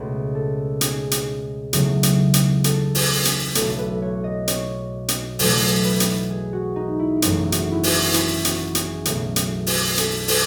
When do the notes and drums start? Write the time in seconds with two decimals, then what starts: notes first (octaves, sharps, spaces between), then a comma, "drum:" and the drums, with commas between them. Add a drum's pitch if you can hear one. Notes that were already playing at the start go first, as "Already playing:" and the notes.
Already playing: C#2 B2 A3 B4
0.35 A4
0.81 G#4, drum: hi-hat
1.11 drum: hi-hat
1.73 E2 C#3 F#3 A3, drum: hi-hat
2.03 drum: hi-hat
2.34 drum: hi-hat
2.64 A4, drum: hi-hat
2.95 drum: open hi-hat
3.25 drum: hi-hat
3.55 B1 B2 A3 A4, drum: hi-hat
3.79 B4
4.02 C#5
4.24 D#5
4.48 C#5, drum: hi-hat
5.08 drum: hi-hat
5.39 E2 B2 F#3 A3 A4, drum: open hi-hat
5.85 B4
6.00 drum: hi-hat
6.30 G#4
6.53 F#4
6.76 D#4
6.99 E4
7.22 G#1 F#2 E3 A3 F#4, drum: hi-hat
7.52 F#4, drum: hi-hat
7.72 E4
7.83 F#4, drum: open hi-hat
8.14 E4, drum: hi-hat
8.45 F#4, drum: hi-hat
8.75 G#4, drum: hi-hat
9.05 B1 B2 A3, drum: hi-hat
9.36 drum: hi-hat
9.67 drum: open hi-hat
9.98 A4, drum: hi-hat
10.28 A4, drum: open hi-hat